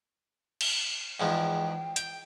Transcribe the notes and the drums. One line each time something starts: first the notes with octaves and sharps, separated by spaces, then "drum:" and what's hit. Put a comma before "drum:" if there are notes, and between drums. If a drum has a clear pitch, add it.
drum: cymbal
E2 G#2 F3 G5
G5, drum: hi-hat